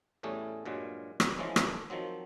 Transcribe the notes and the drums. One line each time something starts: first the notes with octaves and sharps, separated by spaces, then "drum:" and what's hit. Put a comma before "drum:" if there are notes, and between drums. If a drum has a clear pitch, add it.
E2 A2 G3 A3 C#4 G#4
G2 A#2 F#3 G#3
drum: rim click
E3 F3 G#3 C#4
drum: rim click
A4
D#3 F3 F#3 C4